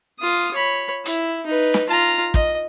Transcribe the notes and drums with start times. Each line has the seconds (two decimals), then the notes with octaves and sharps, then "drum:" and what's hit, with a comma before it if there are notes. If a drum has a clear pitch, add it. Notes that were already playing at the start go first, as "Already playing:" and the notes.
0.19 F4 D#6
0.54 C#5 B5
1.05 E4, drum: hi-hat
1.46 D#4 B4
1.74 drum: snare
1.89 F4 A#5
2.34 D#5, drum: kick